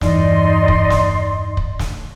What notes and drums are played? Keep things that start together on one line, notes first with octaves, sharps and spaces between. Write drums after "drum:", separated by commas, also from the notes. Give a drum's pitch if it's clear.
E2 G2 E3 D#4 D5 C6, drum: snare
drum: kick
drum: snare
drum: kick
drum: snare